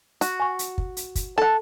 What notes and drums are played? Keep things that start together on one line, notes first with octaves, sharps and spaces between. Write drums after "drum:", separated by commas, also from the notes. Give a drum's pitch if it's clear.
F#4, drum: hi-hat
G#5 C#6
drum: hi-hat
drum: kick
drum: hi-hat
drum: kick, hi-hat
A4 F#5 A5